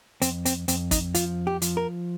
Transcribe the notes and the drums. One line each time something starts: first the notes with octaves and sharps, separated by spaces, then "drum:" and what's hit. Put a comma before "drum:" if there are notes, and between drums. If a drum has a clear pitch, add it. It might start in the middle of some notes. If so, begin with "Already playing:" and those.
F2 C4, drum: hi-hat
C4, drum: hi-hat
F2 C4, drum: hi-hat
D#4, drum: kick, hi-hat
F3 F4, drum: hi-hat
G4
F3, drum: hi-hat
A#4